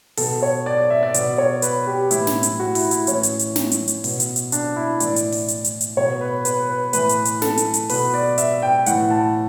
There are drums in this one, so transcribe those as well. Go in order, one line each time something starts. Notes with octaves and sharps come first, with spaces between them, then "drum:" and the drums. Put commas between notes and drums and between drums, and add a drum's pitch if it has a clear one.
B2 A4, drum: open hi-hat
C#5
D5
D5
E5
D5
B2 D5, drum: hi-hat
C#5
B4, drum: hi-hat
G4
A2 E3 E4, drum: hi-hat
drum: snare
drum: hi-hat
F#4
E4, drum: open hi-hat
E4, drum: hi-hat
A2 E3 C#4, drum: hi-hat
drum: hi-hat
drum: hi-hat
drum: snare
drum: hi-hat
drum: hi-hat
B2, drum: open hi-hat
drum: hi-hat
drum: hi-hat
D4, drum: hi-hat
E4
A2 E3 D5, drum: hi-hat
drum: hi-hat
drum: open hi-hat
drum: hi-hat
drum: hi-hat
drum: hi-hat
B2 C#5
B4
B4, drum: hi-hat
B4
A2 E3 B4, drum: hi-hat
drum: hi-hat
drum: hi-hat
A4, drum: snare
drum: hi-hat
drum: hi-hat
B2 B4, drum: open hi-hat
D5
E5, drum: hi-hat
G5
A2 E3 F#5, drum: hi-hat
A5